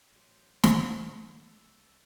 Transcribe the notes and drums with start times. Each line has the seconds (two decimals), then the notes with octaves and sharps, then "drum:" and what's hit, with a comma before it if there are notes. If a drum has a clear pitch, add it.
0.12 A1 F#3 C5
0.63 drum: snare
1.20 A4
1.63 C2